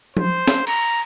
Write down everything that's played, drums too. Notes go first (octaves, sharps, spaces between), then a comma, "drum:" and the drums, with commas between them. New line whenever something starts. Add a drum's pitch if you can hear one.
C5, drum: tom F3
drum: snare
A#5, drum: cymbal